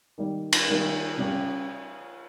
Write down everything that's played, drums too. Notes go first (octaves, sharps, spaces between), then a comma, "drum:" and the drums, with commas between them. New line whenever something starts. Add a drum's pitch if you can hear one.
D#3 G3 A#3
drum: cymbal
D#3 G3 A#3
C#3 G3 C#4 G4